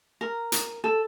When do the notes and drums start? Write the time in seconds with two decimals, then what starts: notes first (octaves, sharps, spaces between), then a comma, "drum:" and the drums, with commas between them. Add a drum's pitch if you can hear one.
0.21 A#4
0.52 drum: hi-hat
0.84 A4